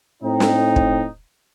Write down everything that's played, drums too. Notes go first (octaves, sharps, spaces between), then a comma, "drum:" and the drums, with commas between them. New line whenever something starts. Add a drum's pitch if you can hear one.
A2 C4 D#4
drum: snare
drum: kick